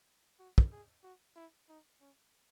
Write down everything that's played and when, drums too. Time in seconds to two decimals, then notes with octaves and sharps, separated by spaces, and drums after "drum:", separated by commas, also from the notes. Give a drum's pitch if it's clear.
0.39 F#4
0.58 drum: kick
0.72 G#4
1.03 F#4
1.36 E4
1.69 D#4
2.00 C#4